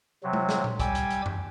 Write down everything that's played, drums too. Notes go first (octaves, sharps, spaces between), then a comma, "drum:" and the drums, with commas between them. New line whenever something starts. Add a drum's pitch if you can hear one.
C3 F#3
drum: tom G#3
drum: snare
drum: tom A#2
G3 G#5 D6 E6 G#6, drum: kick, hi-hat
drum: hi-hat
drum: hi-hat
drum: tom F#2